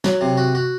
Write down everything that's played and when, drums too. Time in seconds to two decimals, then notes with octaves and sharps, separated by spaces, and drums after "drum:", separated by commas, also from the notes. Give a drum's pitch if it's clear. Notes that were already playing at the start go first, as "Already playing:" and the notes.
0.04 F#3, drum: snare
0.21 C3
0.37 F#4
0.55 F#4